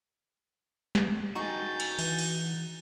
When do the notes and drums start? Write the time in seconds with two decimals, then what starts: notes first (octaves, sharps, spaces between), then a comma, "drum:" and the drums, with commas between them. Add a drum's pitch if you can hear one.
0.95 drum: snare
1.35 D#4 F#4 G#4 C#6 G6 A6
1.80 drum: cymbal
1.99 E3, drum: cymbal
2.19 drum: cymbal